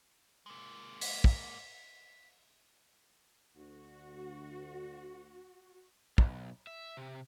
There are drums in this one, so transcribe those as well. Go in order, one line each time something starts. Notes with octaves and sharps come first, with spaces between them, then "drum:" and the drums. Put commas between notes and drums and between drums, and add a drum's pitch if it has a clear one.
G#3 A#3
B6, drum: open hi-hat
drum: kick
D2 F#4
B1, drum: kick
E5
C3